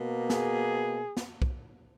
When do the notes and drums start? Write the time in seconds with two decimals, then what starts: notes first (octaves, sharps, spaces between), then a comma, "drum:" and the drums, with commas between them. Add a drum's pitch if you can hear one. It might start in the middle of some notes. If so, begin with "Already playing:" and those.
Already playing: B2 A#3
0.30 G#4, drum: snare
1.17 drum: snare
1.42 drum: kick